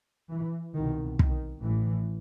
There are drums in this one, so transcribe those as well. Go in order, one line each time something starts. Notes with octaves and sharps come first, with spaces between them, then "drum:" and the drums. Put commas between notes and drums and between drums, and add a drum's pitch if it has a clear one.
E3
C2 B2 D#3
D#3, drum: kick
A1 A2 E3